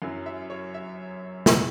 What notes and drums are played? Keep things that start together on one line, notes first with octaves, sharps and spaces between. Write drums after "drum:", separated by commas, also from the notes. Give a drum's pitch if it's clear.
F#2 F#3 C#4 E4
E5
C#5
E5
B2 G#3 B3 E4, drum: snare